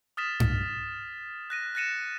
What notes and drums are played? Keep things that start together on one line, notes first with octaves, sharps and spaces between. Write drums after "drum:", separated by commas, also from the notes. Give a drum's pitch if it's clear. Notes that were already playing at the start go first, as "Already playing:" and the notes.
D#6 F6 A6 B6 E7
drum: tom G2
F#6 A#6 D#7
F#6 A6 A#6 C#7 D#7 E7